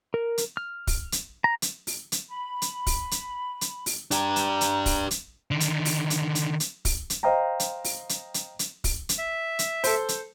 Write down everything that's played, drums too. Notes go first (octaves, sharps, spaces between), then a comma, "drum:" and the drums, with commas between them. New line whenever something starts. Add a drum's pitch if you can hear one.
A#4
drum: hi-hat
F6
drum: kick, open hi-hat
drum: hi-hat
A#5
drum: hi-hat
drum: open hi-hat
drum: hi-hat
B5
drum: hi-hat
drum: kick, open hi-hat
drum: hi-hat
drum: hi-hat
drum: open hi-hat
D4 G4 A#5, drum: hi-hat
drum: hi-hat
drum: hi-hat
drum: kick, open hi-hat
drum: hi-hat
D3 D#3
drum: hi-hat
drum: open hi-hat
drum: hi-hat
drum: hi-hat
drum: hi-hat
drum: kick, open hi-hat
drum: hi-hat
C5 D#5 F5 G5 A#5
drum: hi-hat
drum: open hi-hat
drum: hi-hat
drum: hi-hat
drum: hi-hat
drum: kick, open hi-hat
drum: hi-hat
E5
drum: hi-hat
A4 C5, drum: open hi-hat
drum: hi-hat